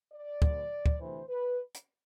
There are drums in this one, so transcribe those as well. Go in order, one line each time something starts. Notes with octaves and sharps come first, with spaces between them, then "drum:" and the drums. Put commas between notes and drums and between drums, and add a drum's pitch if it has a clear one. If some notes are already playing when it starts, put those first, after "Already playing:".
D5
D2 D3, drum: kick
drum: kick
D2 C3 E3 C5
B4
drum: hi-hat